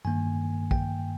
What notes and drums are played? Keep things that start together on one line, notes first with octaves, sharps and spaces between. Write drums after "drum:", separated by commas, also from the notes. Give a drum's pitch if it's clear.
G2 D#3 A#3 G#5
G5, drum: kick